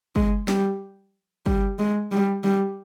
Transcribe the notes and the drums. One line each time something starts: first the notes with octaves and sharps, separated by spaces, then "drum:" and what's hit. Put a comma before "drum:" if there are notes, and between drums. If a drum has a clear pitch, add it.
G#3, drum: kick
G3, drum: snare
G3, drum: kick
G#3
G3
G3